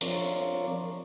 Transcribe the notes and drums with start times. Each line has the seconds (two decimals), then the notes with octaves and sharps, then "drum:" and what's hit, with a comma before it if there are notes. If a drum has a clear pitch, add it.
0.01 F3 C4 A#4 C#5 D5, drum: hi-hat